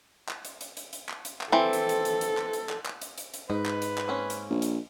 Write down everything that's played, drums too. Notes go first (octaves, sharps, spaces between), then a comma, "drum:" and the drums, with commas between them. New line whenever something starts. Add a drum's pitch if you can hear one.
drum: clap
drum: hi-hat
drum: hi-hat
drum: hi-hat
drum: hi-hat
drum: clap
drum: hi-hat
drum: clap
E3 C4 A4
drum: hi-hat
drum: hi-hat
drum: hi-hat
drum: hi-hat
drum: clap
drum: hi-hat
drum: clap
drum: clap
drum: hi-hat
drum: hi-hat
drum: hi-hat
G#2 D#4 B4
drum: clap
drum: hi-hat
drum: clap
A#3 C4 C#4
drum: hi-hat
A#1
drum: hi-hat